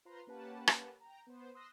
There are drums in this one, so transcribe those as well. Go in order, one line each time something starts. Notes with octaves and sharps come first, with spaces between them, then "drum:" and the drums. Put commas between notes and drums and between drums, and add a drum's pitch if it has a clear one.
F4 B4 C5 A#5 C6
A#3 C#4 G4 B4 F#5 A5
drum: rim click
G5 A#5
B3 C5
C6 D#6 E6 F#6 A#6